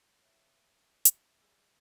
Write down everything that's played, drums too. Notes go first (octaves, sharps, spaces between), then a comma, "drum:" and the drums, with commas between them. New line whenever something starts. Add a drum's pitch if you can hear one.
C#5 E5
B4
drum: hi-hat
G3 G#4 E6